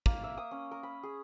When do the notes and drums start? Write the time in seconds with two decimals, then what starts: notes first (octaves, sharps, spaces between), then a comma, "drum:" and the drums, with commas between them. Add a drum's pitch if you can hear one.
0.06 A#3, drum: kick
0.24 E5
0.38 D#6
0.51 C#4
0.71 A#4
0.83 B5
1.03 G#4